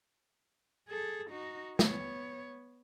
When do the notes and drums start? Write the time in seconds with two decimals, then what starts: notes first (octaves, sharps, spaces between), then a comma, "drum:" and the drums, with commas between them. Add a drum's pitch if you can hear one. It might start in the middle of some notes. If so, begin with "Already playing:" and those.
0.89 G#4 A4
1.31 D#4 F#4
1.79 B3 C#5, drum: snare